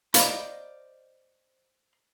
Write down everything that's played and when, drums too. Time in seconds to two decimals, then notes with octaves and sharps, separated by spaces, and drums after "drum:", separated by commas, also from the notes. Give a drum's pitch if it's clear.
0.14 C5 D5 D#5 F5 A#5 B5, drum: hi-hat